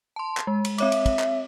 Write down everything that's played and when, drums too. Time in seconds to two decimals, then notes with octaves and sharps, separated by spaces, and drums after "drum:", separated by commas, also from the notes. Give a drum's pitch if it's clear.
0.16 A5 C6
0.37 drum: clap
0.47 G#3
0.65 drum: cymbal
0.78 C4 C#5 E5 D6, drum: cymbal
0.92 drum: cymbal
1.06 drum: kick, cymbal
1.19 drum: clap